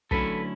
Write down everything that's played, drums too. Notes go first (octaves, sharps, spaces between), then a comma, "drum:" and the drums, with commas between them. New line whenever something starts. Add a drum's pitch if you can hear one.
D3 F#3 A3 C#4 E4 A4 B4, drum: kick